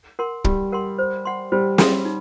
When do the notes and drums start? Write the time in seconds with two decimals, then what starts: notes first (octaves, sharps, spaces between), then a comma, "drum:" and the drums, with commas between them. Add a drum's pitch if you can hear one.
0.19 A#4 F#5 C6
0.44 G3 G4, drum: kick
0.72 A#4 F#5 C6
0.98 C5
1.25 F#5 C6
1.52 G3 C5
1.78 F#5 C6, drum: snare
2.05 D#4